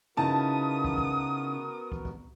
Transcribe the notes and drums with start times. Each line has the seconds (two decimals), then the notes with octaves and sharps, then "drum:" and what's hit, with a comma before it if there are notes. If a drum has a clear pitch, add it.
0.17 C#3 B3 D#4 E4 F#4 A#4 A5 D#6
0.84 drum: kick
0.98 drum: kick
1.92 drum: kick
2.05 drum: kick